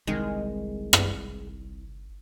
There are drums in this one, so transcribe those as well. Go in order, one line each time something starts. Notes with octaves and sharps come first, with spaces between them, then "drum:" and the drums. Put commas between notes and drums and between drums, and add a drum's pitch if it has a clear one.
G1 C2 D#3 G#3
drum: rim click